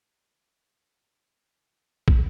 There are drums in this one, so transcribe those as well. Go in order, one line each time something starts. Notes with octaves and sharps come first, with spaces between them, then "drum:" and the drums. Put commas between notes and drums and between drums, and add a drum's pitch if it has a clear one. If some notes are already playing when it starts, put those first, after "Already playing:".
A#3 C4 F4 G4 A4 C5
drum: kick